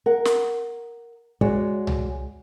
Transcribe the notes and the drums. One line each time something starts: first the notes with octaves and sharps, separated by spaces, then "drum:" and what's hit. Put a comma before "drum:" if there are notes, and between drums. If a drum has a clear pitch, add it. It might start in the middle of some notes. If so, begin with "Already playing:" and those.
A#4 F#5
drum: snare
G#3 F#4 C#5 D5, drum: kick
drum: tom C2